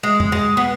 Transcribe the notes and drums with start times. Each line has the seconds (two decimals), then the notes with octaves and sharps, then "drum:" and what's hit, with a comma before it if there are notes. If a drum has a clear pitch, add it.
0.03 G#3
0.20 drum: tom
0.32 G#3
0.57 B3